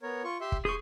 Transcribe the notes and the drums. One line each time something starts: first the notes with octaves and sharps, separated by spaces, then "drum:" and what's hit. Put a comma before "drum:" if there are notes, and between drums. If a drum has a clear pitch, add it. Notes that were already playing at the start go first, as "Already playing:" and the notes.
B3 A#4 C#5
F4 C#6
G4 E5 C6
drum: kick
G#4 C6 C#6 G6